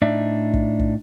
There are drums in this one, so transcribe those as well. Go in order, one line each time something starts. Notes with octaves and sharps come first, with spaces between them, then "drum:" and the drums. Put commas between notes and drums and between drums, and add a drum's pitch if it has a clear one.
A2 D4 D#4 D5 E5
drum: kick
drum: kick